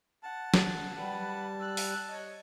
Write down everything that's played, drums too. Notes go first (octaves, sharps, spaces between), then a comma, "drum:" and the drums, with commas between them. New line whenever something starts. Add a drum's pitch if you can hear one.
F#5 A5
drum: snare
G3 B4 F#5
E6 F#6
drum: open hi-hat
C#5 D#5